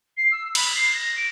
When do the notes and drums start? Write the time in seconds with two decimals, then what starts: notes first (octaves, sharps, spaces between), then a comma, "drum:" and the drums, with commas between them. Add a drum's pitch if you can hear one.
0.17 C7
0.31 E6
0.55 B5, drum: cymbal
0.75 C7
0.94 A#6
1.16 D7